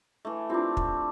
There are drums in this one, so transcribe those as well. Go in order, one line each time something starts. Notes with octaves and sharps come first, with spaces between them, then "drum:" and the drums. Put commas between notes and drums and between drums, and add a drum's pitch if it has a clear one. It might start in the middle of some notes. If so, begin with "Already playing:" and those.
E3 A3
C4 D4 E4 F4 G4
drum: kick